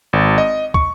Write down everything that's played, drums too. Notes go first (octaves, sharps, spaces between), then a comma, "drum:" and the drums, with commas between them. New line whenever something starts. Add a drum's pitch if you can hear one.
G#1
D#5
C#6, drum: kick